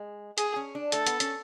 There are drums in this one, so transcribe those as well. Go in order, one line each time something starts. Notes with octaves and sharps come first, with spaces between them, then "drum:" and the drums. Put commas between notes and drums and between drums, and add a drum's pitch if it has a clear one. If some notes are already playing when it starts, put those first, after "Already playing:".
Already playing: G#3
G#4, drum: hi-hat
C#4
D4
A3 A4, drum: hi-hat
B3, drum: hi-hat
C#4, drum: hi-hat